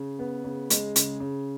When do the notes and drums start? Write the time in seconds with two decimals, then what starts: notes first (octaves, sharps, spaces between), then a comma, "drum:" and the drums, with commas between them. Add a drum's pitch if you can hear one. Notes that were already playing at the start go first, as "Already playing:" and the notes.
Already playing: C#3
0.19 B3
0.44 C#3
0.70 G#3, drum: hi-hat
0.96 C#3, drum: hi-hat
1.20 C#3